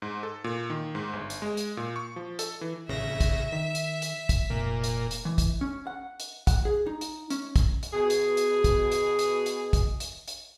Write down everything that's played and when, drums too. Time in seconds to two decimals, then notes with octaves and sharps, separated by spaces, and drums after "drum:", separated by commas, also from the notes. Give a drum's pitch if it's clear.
0.02 G#2
0.23 A4
0.44 A#2
0.70 D#3
0.95 G#2
1.13 G1
1.30 drum: hi-hat
1.42 G#3
1.57 drum: hi-hat
1.77 A#2
1.96 C#6
2.16 F3
2.39 A4, drum: hi-hat
2.61 E3
2.88 A1 C#3 E5 A#6
3.20 drum: kick, hi-hat
3.52 D#3 B6
3.75 drum: hi-hat
4.02 drum: hi-hat
4.29 drum: kick, hi-hat
4.50 F1 A#2
4.84 drum: hi-hat
5.11 drum: hi-hat
5.25 E3
5.38 drum: kick, hi-hat
5.61 C#4
5.87 F#5
6.20 drum: hi-hat
6.47 F#5, drum: kick, hi-hat
6.65 G#4
6.86 D#4
7.01 drum: hi-hat
7.30 C#4, drum: hi-hat
7.56 drum: kick, hi-hat
7.83 drum: hi-hat
7.93 B2 G#4
8.10 drum: hi-hat
8.37 drum: hi-hat
8.64 drum: kick, hi-hat
8.92 drum: hi-hat
9.19 drum: hi-hat
9.46 drum: hi-hat
9.73 drum: kick, hi-hat
10.00 drum: hi-hat
10.28 drum: hi-hat